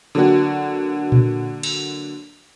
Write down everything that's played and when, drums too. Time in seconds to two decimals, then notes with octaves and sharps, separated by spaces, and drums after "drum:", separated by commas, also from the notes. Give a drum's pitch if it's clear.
0.15 D3 F#3 A#3 F#4
1.12 drum: tom A#2
1.63 drum: cymbal